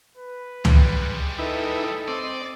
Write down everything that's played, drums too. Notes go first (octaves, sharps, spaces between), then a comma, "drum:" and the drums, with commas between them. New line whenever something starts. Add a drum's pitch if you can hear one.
B4
G3 G#3, drum: tom
D#4 E4 A4 B4
C4 D5 D#5